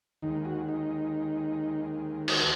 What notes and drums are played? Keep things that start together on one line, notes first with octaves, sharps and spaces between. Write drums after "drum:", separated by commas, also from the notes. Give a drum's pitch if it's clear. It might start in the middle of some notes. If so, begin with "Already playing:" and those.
D#2 D#3 G#3 D#4
F#4
D#4
F#4, drum: cymbal